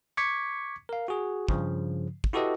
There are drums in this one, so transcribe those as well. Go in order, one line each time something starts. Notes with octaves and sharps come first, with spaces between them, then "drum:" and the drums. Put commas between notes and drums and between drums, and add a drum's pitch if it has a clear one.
C#6 D6 G#6 B6 C#7
A#4 F5
F#4 G#4
G2 C#3 F3, drum: kick
drum: kick
E4 F#4 G4 A4 B4 D#5